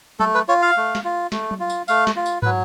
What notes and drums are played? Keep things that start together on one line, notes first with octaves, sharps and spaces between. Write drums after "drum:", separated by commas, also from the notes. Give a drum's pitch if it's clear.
A3 A4, drum: tom F#3
B4
F4 C#5
F5
A3
drum: snare
F4
A3, drum: snare
drum: tom F#3
F4
drum: tambourine
A3 F5, drum: tambourine
drum: snare
F4
drum: tambourine
F#3 B4, drum: tom